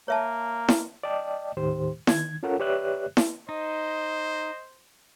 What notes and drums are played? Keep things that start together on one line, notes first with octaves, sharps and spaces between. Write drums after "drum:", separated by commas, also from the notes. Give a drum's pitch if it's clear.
A#3 C#5 E5 A5
drum: snare E4
D5 D#5 G5 A5
D#2 A2 D#3 G4 C5
D#3 G#6, drum: snare E4
C#4 F4 A4 A#4 C#5 F#5
G4 B4 C#5 D5 E5 F#6
drum: snare E4
D#4 C5 D#5